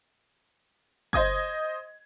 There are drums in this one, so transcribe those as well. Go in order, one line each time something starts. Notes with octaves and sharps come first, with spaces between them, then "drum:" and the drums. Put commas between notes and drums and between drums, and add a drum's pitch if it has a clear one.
C5 D#5 D#6 G#6, drum: kick G1